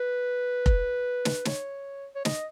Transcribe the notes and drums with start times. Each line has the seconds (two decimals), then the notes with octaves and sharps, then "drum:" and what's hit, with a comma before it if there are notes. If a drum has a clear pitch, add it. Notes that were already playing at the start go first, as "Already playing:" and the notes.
Already playing: B4
0.66 drum: kick F1
1.25 drum: snare
1.45 C#5, drum: snare
2.15 C#5
2.25 D#5, drum: snare